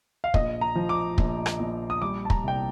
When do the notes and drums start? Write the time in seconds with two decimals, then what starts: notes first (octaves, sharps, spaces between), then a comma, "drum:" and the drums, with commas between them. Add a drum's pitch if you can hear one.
0.24 F5
0.34 A#1 D#5, drum: kick
0.61 A#5
0.75 F3
0.89 D6
1.18 A#1, drum: kick
1.46 drum: rim click
1.60 A#1
1.90 D#6
2.02 G3 D6
2.25 A5
2.30 A#5, drum: kick
2.44 C2 G5